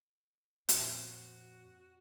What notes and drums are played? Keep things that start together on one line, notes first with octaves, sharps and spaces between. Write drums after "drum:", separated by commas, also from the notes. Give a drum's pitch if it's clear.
F2 A#2 C4, drum: hi-hat
F#4